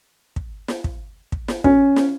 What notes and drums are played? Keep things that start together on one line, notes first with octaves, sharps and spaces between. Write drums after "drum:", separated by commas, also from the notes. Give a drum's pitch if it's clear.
drum: kick
drum: snare
drum: kick
drum: kick
drum: snare
C#4, drum: kick
drum: snare